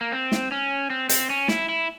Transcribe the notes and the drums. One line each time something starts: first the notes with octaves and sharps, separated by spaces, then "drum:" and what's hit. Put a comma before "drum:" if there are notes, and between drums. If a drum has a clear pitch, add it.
A#3
C4
drum: snare
C#4
C4
C4, drum: hi-hat
C#4
E4, drum: snare
E4